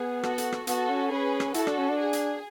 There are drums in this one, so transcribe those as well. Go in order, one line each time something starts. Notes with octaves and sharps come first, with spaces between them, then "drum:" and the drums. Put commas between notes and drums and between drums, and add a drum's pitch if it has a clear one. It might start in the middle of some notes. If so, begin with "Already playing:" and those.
Already playing: B3 G#4
F#4 A4, drum: rim click
drum: hi-hat
drum: rim click
B3 F#4 A4, drum: hi-hat
C#4
C#4 G#4 B4
drum: rim click
E4 F#4 A4, drum: hi-hat
D4, drum: rim click
C#4
D4
G#4
drum: hi-hat